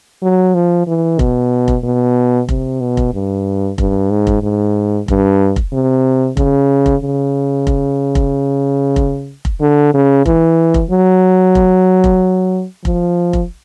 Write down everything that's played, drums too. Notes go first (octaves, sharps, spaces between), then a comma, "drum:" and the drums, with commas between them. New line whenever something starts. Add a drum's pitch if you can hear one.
F#3
F3
E3
B2, drum: kick F1
drum: kick F1
B2
C3, drum: kick F1
B2
drum: kick F1
G2
G2, drum: kick F1
G#2
drum: kick F1
G#2
G2, drum: kick F1
drum: kick F1
C3
C#3, drum: kick F1
drum: kick F1
C#3
drum: kick F1
drum: kick F1
drum: kick F1
drum: kick F1
D3
C#3
E3, drum: kick F1
drum: kick F1
F#3
drum: kick F1
drum: kick F1
F3, drum: kick F1
drum: kick F1